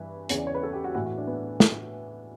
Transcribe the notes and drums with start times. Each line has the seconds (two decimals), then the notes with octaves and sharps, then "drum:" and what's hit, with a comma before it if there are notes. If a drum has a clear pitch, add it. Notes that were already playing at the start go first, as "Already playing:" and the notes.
Already playing: G2 E3 B4
0.29 E2 C#3 E3 C#5, drum: hi-hat
0.38 D5
0.47 C#5
0.55 B4
0.63 A4
0.73 G4
0.84 F#4
0.95 A2 E3 F#4
1.06 F#4
1.17 D4
1.27 B3
1.60 drum: snare